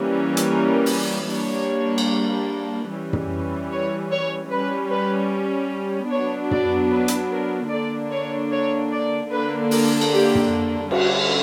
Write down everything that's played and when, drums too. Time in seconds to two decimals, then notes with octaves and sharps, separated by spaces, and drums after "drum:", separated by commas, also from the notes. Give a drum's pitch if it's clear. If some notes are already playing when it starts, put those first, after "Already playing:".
Already playing: E3 G3 A#3 C#4
0.37 drum: hi-hat
0.51 A#4
0.86 drum: open hi-hat
1.31 G3 A#3 D4 C#5
1.98 drum: cymbal
2.92 E3 G3 C#4
3.13 drum: tom
3.72 C#5
4.11 C#5
4.51 G3 C#4 B4
4.91 B4
6.11 F#3 B3 D4 C#5
6.51 D5, drum: tom
6.91 B4
7.08 drum: hi-hat
7.31 A#4
7.71 D3 A#3 D4 D5
8.11 C#5
8.51 C#5
8.92 D5
9.31 D3 A#3 D4 B4
9.71 A#4, drum: open hi-hat
10.01 drum: cymbal
10.11 G4
10.35 drum: tom
10.91 D3 G3 C#4 F#4, drum: cymbal